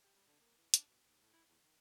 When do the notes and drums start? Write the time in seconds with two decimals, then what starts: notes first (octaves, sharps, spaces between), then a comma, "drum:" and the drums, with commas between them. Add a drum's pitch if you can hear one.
0.04 G4
0.15 G3
0.27 D3
0.40 A#3
0.57 E3
0.74 D4, drum: hi-hat
0.88 B2
1.07 D#2
1.21 A2
1.33 E4
1.48 E2
1.64 D#3